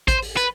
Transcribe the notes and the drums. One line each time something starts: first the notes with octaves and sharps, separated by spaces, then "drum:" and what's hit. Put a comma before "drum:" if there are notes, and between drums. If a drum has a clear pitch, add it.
C5, drum: kick A1, hi-hat
drum: open hi-hat
B4, drum: hi-hat